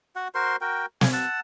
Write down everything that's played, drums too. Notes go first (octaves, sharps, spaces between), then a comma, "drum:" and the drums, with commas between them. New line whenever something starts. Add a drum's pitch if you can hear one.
F#4 F#5
F#4 A#4 C5 C6
F#4 A#4 G5
G#5, drum: snare
F#5 A5 E6